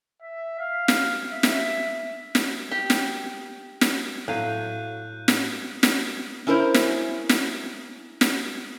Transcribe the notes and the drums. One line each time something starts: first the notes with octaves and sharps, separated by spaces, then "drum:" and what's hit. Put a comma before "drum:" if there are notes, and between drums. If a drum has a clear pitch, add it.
E5
F5
drum: snare
E5
drum: snare
drum: snare
G4
drum: snare
drum: snare
A2 F#3 F5 F#6 G6 D#7
drum: snare
drum: snare
C#4 E4 A#4 C5
drum: snare
drum: snare
drum: snare